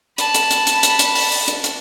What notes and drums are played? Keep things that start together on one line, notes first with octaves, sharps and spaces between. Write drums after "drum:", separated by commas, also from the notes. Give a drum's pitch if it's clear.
A5 B5, drum: hi-hat
drum: hi-hat
drum: hi-hat
drum: hi-hat
drum: hi-hat
drum: hi-hat
drum: open hi-hat
drum: open hi-hat
drum: hi-hat
drum: hi-hat